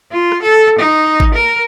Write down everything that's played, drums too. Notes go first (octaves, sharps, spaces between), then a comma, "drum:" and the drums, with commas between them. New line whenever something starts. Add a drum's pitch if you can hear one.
F4
drum: rim click
A4
D#4
drum: kick G#1
A#4